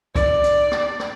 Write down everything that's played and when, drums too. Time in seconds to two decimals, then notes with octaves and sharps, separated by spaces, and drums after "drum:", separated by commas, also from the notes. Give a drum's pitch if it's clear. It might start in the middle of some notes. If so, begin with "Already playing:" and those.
0.15 D5, drum: kick C2, hi-hat
0.43 drum: hi-hat
0.71 drum: rim click
0.99 drum: rim click